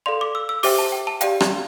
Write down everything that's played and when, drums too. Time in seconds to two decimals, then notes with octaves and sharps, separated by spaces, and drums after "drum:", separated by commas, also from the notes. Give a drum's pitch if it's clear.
0.06 A4 D5 F5 C6
0.21 D6
0.35 E6
0.49 E6
0.63 G4 C5 E5 G5 D6, drum: open hi-hat
0.78 A5
0.92 G5
1.07 A5
1.21 G4 D5 F5 G5, drum: hi-hat
1.40 drum: rim click